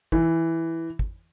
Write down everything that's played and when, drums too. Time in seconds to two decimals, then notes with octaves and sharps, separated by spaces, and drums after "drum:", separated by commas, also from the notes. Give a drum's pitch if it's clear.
0.12 E3, drum: kick
0.99 drum: kick